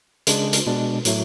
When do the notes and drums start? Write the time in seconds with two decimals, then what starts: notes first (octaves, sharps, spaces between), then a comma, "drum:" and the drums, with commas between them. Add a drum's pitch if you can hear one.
0.27 C#3 G#3 D4, drum: hi-hat
0.53 drum: hi-hat
0.66 B2 G#3 D4
1.05 A2 F#3 A3, drum: hi-hat